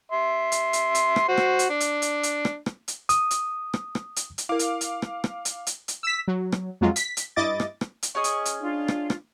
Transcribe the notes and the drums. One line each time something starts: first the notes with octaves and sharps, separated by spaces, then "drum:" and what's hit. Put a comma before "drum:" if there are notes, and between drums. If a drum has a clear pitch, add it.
E5 C6
drum: hi-hat
drum: hi-hat
drum: hi-hat
drum: rim click
F#4 C5
drum: rim click
drum: hi-hat
D4
drum: hi-hat
drum: hi-hat
drum: hi-hat
drum: rim click
drum: rim click
drum: hi-hat
D#6, drum: hi-hat
drum: hi-hat
drum: rim click
drum: rim click
drum: hi-hat
drum: hi-hat
E4 A#4 F5 D6
drum: hi-hat
drum: hi-hat
drum: rim click
drum: rim click
drum: hi-hat
drum: hi-hat
drum: hi-hat
E6 B6
F#3
drum: rim click
F2 F#3 G#3 F4
B6, drum: hi-hat
drum: hi-hat
G2 E4 D#5 D6 A6
drum: rim click
drum: rim click
drum: hi-hat
C#4 G#4 D#5 C#6
drum: hi-hat
drum: hi-hat
D4 F4
drum: rim click
drum: rim click